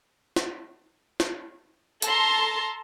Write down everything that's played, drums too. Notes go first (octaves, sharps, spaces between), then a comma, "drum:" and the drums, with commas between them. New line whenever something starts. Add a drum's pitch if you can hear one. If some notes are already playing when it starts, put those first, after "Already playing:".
drum: snare
drum: snare
A4 A5 A#5 C6, drum: hi-hat